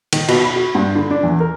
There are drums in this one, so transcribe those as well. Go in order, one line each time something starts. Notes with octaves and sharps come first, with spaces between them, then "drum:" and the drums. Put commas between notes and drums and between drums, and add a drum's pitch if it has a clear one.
D#3, drum: cymbal
B2, drum: cymbal
B5
F#4
G2
D3
D4
E2
A#4